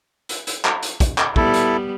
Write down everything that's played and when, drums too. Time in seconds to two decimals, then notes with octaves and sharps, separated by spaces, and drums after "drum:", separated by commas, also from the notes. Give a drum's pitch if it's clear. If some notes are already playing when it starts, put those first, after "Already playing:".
0.29 drum: hi-hat
0.47 drum: hi-hat
0.65 drum: clap
0.83 drum: hi-hat
1.00 drum: kick, hi-hat
1.18 drum: clap
1.36 G3 B3 E4 A4, drum: kick
1.54 drum: hi-hat